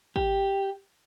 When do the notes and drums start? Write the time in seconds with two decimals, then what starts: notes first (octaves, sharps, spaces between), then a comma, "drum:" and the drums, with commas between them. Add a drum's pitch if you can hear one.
0.16 G4, drum: kick